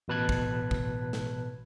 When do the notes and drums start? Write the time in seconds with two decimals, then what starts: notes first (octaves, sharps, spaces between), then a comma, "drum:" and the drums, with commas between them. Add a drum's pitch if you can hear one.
0.08 A1 B2 B4 A5 F#6 G#6
0.29 drum: kick
0.71 drum: kick
1.13 drum: snare